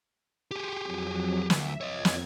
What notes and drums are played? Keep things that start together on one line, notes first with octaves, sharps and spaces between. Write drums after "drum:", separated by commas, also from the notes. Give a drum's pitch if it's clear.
G4 G#4 G5 C6 C#6
F2 F#3
D2 E5, drum: snare
F2 C#5 D#5 G#6
drum: snare